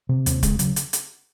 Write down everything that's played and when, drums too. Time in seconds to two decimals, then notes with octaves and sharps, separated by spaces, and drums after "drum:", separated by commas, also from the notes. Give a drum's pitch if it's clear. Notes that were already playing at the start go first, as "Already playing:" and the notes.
0.09 C3
0.26 D#2 C4, drum: hi-hat
0.43 C#3 G#3, drum: kick, hi-hat
0.59 C#3 F#3, drum: hi-hat
0.76 drum: hi-hat
0.93 drum: hi-hat